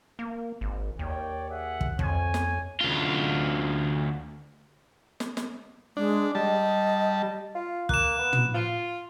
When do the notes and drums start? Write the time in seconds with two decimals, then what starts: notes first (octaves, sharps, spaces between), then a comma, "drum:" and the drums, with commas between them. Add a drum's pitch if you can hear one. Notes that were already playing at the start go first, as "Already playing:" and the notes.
0.19 A#3
0.61 G#1
0.99 D#2 C#5 D5 G5
1.49 G#4 E5 F#5
1.81 drum: kick
1.99 F2 C#5 G#5, drum: kick
2.34 drum: snare
2.81 D2 F4
5.20 drum: snare
5.37 drum: snare
5.97 G#3 D4
6.35 G3 D#5 A5
7.55 F4
7.89 A#3 F#6 E7, drum: kick
8.18 B3
8.33 drum: tom
8.54 F4